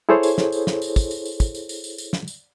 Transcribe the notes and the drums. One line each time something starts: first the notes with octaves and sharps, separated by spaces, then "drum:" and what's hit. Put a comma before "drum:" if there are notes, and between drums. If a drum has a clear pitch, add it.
E4 G#4 A4 C5 C#5
drum: tambourine
drum: snare
drum: tambourine
drum: snare
drum: tambourine
drum: kick, tambourine
drum: tambourine
drum: tambourine
drum: kick, tambourine
drum: tambourine
drum: tambourine
drum: tambourine
drum: tambourine
drum: snare
drum: tambourine